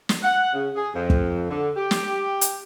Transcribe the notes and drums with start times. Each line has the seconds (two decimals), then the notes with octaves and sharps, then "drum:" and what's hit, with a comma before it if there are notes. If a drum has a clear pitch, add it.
0.09 drum: snare
0.23 F#5
0.53 C#3
0.76 G#4
0.94 F2
1.10 drum: kick
1.50 D3
1.76 G4
1.91 drum: snare
2.41 drum: hi-hat